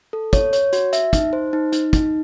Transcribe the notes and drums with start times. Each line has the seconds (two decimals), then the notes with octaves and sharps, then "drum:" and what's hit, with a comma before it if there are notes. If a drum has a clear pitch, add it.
0.13 A4
0.33 C#5, drum: kick, hi-hat
0.53 C#5, drum: hi-hat
0.73 F#4, drum: hi-hat
0.93 E5, drum: hi-hat
1.13 D#4, drum: kick, hi-hat
1.33 C5
1.53 D#4
1.72 D#4, drum: hi-hat
1.93 D#4, drum: kick, hi-hat